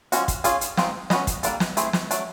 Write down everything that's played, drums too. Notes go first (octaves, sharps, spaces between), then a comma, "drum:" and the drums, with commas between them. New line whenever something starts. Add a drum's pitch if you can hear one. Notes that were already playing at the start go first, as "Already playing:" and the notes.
F3 G#3 C#4 F#4, drum: hi-hat
drum: kick, hi-hat
C#4 F4 G#4, drum: hi-hat
drum: hi-hat
D#3 G#3 C4 F4, drum: snare
C#4 F#4 B4 D#5, drum: snare
drum: kick, hi-hat
G3 A#3 D4 F4 A4, drum: hi-hat
drum: snare
A3 C4 E4 G#4 C5, drum: hi-hat
drum: snare
F#3 A3 D4, drum: hi-hat